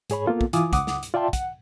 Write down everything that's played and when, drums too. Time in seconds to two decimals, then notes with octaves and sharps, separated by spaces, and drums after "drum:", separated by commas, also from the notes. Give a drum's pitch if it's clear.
0.10 G#2 G#4 C#5 B5, drum: hi-hat
0.26 A#3 B3 F4 A4
0.41 drum: kick
0.53 E3 E4 F4 G#5 D6 D#6, drum: hi-hat
0.73 C#2 F#5 D6 D#6, drum: kick, hi-hat
0.87 drum: snare
1.03 drum: hi-hat
1.14 F4 D5 E5 G5 A5 C6
1.33 F#5, drum: kick, hi-hat